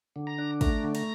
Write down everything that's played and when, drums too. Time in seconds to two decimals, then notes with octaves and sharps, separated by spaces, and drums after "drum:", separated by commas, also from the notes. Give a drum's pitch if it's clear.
0.16 D3
0.27 A#5
0.38 D4
0.61 A3 A#5, drum: kick, cymbal
0.84 D3
0.95 A#5, drum: cymbal